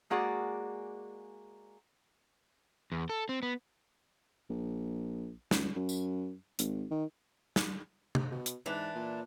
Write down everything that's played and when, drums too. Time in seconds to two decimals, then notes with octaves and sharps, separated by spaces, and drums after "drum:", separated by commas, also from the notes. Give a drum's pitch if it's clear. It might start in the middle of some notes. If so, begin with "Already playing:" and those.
0.10 G#3 A#3 F#4 G#4 D5
2.92 E2
3.09 A4
3.29 C4
3.43 B3
4.50 A#1
5.51 C#2, drum: snare
5.76 F#2
5.89 drum: tambourine
6.59 G#1, drum: hi-hat
6.91 D#3
7.56 drum: snare
8.15 drum: tom C3
8.32 B2
8.46 drum: hi-hat
8.66 G#2 E3 D4
8.95 A#2